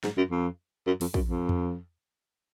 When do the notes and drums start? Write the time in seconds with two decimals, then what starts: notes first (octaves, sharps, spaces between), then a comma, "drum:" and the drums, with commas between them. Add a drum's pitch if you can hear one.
0.04 G#2, drum: snare
0.18 F#2
0.31 F2
0.87 F#2
1.01 F2, drum: open hi-hat
1.14 F#2, drum: kick
1.28 F2
1.49 drum: tom E2